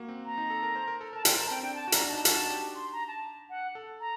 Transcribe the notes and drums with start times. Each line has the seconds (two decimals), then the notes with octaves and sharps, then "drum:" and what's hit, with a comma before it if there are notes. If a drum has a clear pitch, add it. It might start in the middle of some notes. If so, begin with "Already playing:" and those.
Already playing: A#3 F#4
0.08 C4
0.26 A#5
0.38 D#4
0.50 A4
0.63 A#4
0.76 C5
0.88 A#4
1.01 A4
1.13 A#4 A5
1.25 C5 G5, drum: hi-hat
1.38 A#4 A5
1.51 C4 G5
1.63 D4 G5
1.75 A5
1.88 F#4
1.92 A#5, drum: hi-hat
2.00 D4
2.09 D#4 A5
2.25 F#4 A5, drum: hi-hat
2.50 G4
2.75 C6
2.92 A#5
3.08 A5
3.50 F#5
3.75 A4
4.00 A#5